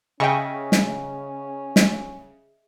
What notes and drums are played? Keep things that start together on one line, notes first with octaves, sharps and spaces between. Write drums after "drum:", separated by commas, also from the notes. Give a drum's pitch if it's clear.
C#3 C#4 G#4 D#5 E5 G5 C#6
drum: snare
drum: snare